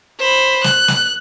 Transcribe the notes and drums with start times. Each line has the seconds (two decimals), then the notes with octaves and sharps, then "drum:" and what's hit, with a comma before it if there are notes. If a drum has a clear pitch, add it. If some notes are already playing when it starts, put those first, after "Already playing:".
0.19 C5 B5
0.64 F#6, drum: snare
0.88 drum: snare